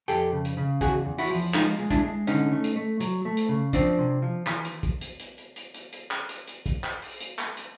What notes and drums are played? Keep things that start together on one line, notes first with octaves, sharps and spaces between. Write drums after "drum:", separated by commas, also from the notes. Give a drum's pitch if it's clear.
F2 G4 A4, drum: hi-hat
C#3
drum: hi-hat
C#3
E2 F#4 G#4, drum: kick, hi-hat
E2
E4 F#4, drum: open hi-hat
F3
G#3 D#4 F4, drum: clap
G#3
D4 E4, drum: kick, hi-hat
G#3
D3 C#4 D#4, drum: hi-hat
A3
drum: hi-hat
A3
F#3, drum: hi-hat
A3
drum: hi-hat
C#3
F3 C4 D4, drum: kick, hi-hat
C3
F3
E3, drum: clap
drum: hi-hat
drum: kick, hi-hat
drum: hi-hat
drum: hi-hat
drum: hi-hat
drum: hi-hat
drum: hi-hat
drum: hi-hat
drum: clap
drum: hi-hat
drum: hi-hat
drum: kick, hi-hat
drum: clap
drum: open hi-hat
drum: hi-hat
drum: clap
drum: hi-hat